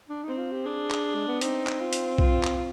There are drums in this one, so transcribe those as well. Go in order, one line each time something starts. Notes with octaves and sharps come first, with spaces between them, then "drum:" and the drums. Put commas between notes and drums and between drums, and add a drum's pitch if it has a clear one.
D4
C4 D#4
F4
G4
D4 G#4
drum: clap
G#3
B3
C4 D#4, drum: hi-hat
drum: clap
F4
drum: hi-hat
F4, drum: kick B1
drum: clap